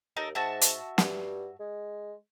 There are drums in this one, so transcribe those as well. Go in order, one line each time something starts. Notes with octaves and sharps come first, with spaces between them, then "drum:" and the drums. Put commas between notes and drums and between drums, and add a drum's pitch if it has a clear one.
D#2 D#4 A4 A#4
G#2 F#4 E5 A5
drum: hi-hat
G2, drum: snare
G#3